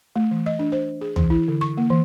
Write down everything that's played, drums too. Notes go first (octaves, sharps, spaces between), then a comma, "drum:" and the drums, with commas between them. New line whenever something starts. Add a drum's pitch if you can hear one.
A3
E3
D#5
D4
C5
G#4
E3, drum: tom
E4
D3
C#6
A#3
E3